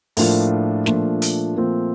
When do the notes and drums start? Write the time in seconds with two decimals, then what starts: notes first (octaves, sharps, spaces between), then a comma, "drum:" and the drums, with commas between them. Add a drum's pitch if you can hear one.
0.17 A2 F3 A#3 D4 F4, drum: open hi-hat
0.86 A#2 F3 A3 D4 F4, drum: snare
1.22 drum: hi-hat
1.55 A#2 F3 A3 C4 F4